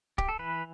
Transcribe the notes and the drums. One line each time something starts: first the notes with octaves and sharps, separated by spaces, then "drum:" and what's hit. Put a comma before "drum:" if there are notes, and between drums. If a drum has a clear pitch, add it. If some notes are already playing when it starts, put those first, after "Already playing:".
G4, drum: kick
A4
E3 B4